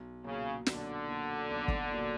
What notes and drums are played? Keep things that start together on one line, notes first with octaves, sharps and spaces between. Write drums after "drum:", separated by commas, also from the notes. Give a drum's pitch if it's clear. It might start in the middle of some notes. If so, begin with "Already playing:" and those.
Already playing: B1
A#2 C#3 F#3
B1 D3, drum: snare
A#2 F#3
B1
drum: kick
A#2 F#3